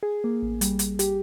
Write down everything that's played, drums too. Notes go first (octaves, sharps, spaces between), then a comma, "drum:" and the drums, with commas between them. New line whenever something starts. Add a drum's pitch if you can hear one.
G#4
A#3
A1
G3, drum: hi-hat
drum: hi-hat
G4, drum: hi-hat